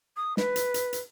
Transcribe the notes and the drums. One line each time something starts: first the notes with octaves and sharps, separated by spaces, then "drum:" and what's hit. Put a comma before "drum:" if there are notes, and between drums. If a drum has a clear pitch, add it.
D#6
B4, drum: snare
drum: hi-hat
drum: hi-hat
drum: hi-hat